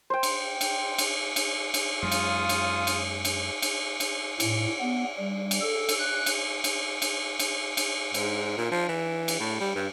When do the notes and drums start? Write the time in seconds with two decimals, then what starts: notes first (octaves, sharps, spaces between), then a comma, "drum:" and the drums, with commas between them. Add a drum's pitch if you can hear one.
0.10 C5 G5
0.23 drum: cymbal
0.61 drum: cymbal
0.98 drum: cymbal
1.36 drum: cymbal
1.74 drum: cymbal
2.02 F#2 G#3 F4 C#5 F5 D#6
2.12 drum: cymbal
2.49 drum: cymbal
2.87 drum: cymbal
3.25 drum: cymbal
3.62 drum: cymbal
4.00 drum: cymbal
4.40 A2, drum: cymbal
4.81 B3
5.18 G3
5.51 drum: cymbal
5.62 A4
5.89 drum: cymbal
5.99 F#6
6.26 drum: cymbal
6.64 drum: cymbal
7.02 drum: cymbal
7.39 drum: cymbal
7.77 drum: cymbal
8.14 G#2, drum: cymbal
8.57 A#2
8.71 F3
8.89 E3
9.28 drum: cymbal
9.40 A2
9.60 G3
9.75 G2